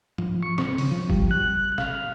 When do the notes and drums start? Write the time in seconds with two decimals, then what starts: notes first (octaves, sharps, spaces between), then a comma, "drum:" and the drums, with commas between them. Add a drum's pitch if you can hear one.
0.18 F3, drum: tom G#2
0.43 C#6
0.58 C4, drum: snare
0.78 C#3, drum: open hi-hat
0.91 F3
1.10 G3, drum: kick G1
1.31 F#6
1.78 F5, drum: snare